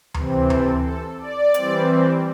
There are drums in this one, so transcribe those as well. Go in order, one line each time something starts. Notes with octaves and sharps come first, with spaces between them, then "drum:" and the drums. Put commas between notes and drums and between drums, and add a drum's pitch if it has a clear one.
C3 E3 C4, drum: tom D2
A4, drum: tom D2
A4
D5
E3 G3 C4, drum: hi-hat